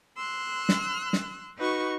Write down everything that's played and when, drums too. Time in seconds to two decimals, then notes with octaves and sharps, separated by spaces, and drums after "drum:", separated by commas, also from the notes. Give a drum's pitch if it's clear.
0.17 C6 E6 F#6
0.69 drum: snare
1.13 drum: snare
1.57 D#4 F#4 B4 C#6